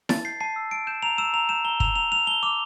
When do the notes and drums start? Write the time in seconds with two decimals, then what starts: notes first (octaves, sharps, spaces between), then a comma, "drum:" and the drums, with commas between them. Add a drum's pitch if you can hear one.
0.09 A5 A6, drum: snare E4
0.25 G6 C7
0.41 A5 C7
0.56 E6
0.71 A5 D7
0.87 G6 E7
1.02 A#5 F7
1.18 E6 E7
1.33 A#5 F7
1.49 G6 E7
1.65 A#5 G7
1.80 E6 F7, drum: kick
1.96 A#5 F7
2.12 F6 F7
2.27 A5 G7
2.43 D6 F7